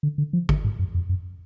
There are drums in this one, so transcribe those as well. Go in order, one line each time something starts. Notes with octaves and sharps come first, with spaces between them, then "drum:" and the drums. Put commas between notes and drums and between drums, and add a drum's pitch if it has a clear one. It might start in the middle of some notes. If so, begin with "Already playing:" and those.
D3
D3
F3
D3, drum: kick
G#2
F#2
F2
F#2